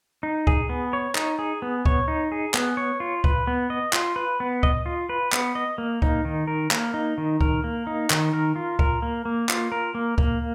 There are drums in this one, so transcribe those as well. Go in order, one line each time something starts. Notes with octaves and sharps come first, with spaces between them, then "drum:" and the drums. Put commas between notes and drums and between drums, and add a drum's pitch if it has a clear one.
D#4
G#4, drum: kick C#2
B3
C#5
D#4, drum: clap
G#4
B3
C#5, drum: kick C#2
D#4
G#4
B3, drum: clap
C#5
F4
B4, drum: kick C#2
B3
D#5
F4, drum: clap
B4
B3
D#5, drum: kick C#2
F4
B4
B3, drum: clap
D#5
A#3
D#4, drum: kick C#2
D#3
A#4
A#3, drum: clap
D#4
D#3
A#4, drum: kick C#2
A#3
D#4
D#3, drum: clap
A#4
F4
A#4, drum: kick C#2
A#3
A#3
F4, drum: clap
A#4
A#3
A#3, drum: kick C#2